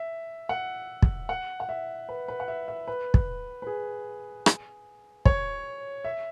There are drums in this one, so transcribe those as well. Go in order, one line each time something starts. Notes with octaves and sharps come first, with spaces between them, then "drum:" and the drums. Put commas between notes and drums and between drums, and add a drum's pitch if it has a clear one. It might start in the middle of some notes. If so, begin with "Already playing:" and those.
Already playing: E5
F#5
drum: kick
F#5
F#5
E5
B4
B4
F#5
E5
E5
B4
drum: kick
B4
G#4
drum: rim click
C#5, drum: kick
E5